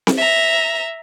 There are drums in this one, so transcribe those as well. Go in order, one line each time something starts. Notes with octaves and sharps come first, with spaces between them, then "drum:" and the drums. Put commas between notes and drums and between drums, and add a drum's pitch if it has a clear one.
drum: snare C4
E5 A#5